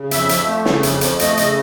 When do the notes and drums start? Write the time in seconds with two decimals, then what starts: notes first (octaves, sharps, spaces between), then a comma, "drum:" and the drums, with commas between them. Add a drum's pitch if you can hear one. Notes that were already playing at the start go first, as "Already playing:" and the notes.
Already playing: C#3
0.11 F2 E5, drum: hi-hat
0.29 F3, drum: hi-hat
0.47 A3
0.65 C#3, drum: snare
0.83 F2, drum: hi-hat
1.01 F3, drum: hi-hat
1.19 A3 D#5, drum: hi-hat
1.37 C#3, drum: hi-hat